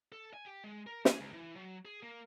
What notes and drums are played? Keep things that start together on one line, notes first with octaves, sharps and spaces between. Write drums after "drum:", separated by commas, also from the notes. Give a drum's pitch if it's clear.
A4
G#5
G4
G#3
A#4
G#4, drum: snare
C#2
E3
F#3
G#4
A#3